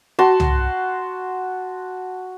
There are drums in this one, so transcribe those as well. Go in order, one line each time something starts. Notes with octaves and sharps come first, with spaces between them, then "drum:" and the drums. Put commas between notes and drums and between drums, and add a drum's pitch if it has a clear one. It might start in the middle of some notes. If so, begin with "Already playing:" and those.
F#4 A5 C6
drum: tom C2